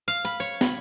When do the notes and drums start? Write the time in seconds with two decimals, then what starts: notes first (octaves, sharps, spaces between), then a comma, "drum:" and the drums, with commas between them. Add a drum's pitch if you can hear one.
0.08 F5
0.25 B5
0.40 C#5
0.61 B5, drum: snare